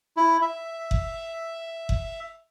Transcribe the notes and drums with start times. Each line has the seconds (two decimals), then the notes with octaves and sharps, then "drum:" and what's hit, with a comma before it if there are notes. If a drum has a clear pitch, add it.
0.17 E4
0.42 E5
0.91 drum: kick F#1
1.89 drum: kick F#1